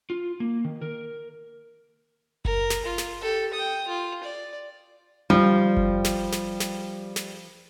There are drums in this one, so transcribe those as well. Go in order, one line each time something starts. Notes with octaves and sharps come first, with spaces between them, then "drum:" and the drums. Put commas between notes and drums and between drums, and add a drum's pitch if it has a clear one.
F4
A#3
D#3
A#4
A#4, drum: kick F#1
drum: snare
F4
drum: snare
G4 A4
G5 D#6
F4
D5
F3 G3
drum: kick F#1
drum: snare
drum: snare
drum: snare
drum: snare